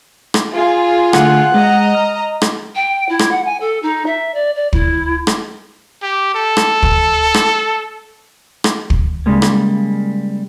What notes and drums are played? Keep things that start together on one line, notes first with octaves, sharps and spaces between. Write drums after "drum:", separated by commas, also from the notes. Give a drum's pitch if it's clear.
drum: rim click
F4 G#4
D3 A3 F#5, drum: rim click
G#3 D#5 A#5
F6
drum: rim click
G5
E4
drum: rim click
F#5
G#5
A4
D#4
E5
D5
D5
E4, drum: kick
drum: rim click
G4
A4
drum: rim click
drum: kick
drum: rim click
drum: rim click
drum: kick
C#3 G3 G#3 A#3
drum: rim click